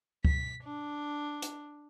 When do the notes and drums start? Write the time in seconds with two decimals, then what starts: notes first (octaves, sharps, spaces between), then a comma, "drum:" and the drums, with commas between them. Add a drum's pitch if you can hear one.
0.25 B6, drum: kick C#2
0.64 D4
1.42 drum: hi-hat